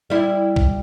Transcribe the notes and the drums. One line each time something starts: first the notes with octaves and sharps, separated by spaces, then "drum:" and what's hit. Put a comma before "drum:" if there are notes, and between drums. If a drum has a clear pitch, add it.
G3 E4
drum: kick